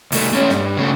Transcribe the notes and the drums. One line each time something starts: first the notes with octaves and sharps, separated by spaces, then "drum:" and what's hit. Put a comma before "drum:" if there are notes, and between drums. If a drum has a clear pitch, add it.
C2 A3, drum: open hi-hat
A3 C#4
G2, drum: snare
C#3 A3